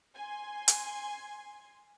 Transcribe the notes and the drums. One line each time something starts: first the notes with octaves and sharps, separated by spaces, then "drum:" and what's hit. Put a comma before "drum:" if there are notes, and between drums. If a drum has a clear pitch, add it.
G#5 C6
drum: hi-hat